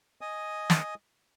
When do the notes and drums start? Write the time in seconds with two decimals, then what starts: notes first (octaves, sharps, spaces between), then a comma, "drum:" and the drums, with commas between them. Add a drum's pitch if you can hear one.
0.21 D#5 G#5 D#6
0.70 drum: snare